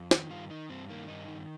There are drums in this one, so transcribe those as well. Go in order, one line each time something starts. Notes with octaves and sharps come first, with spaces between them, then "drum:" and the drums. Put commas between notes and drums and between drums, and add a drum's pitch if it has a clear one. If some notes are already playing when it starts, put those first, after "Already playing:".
Already playing: F2
D#3, drum: snare
G2 F4
D#3 D#4
G2 C4
D#3 A#3
G2 D#4
D#3